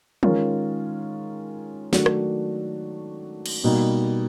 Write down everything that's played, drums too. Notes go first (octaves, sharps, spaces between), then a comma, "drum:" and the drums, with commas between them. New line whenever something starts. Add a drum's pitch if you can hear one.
D#3 G#3 C#4 F4 A#4, drum: tom
D#3 F#3 A3 D4 F#4, drum: snare
drum: rim click
drum: cymbal
B2 G3 A#3 D#4